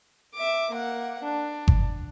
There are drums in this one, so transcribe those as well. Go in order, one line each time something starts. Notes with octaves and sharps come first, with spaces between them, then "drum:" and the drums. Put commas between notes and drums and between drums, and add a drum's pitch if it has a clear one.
E5 D6
A#3 F#5
D4
drum: kick G1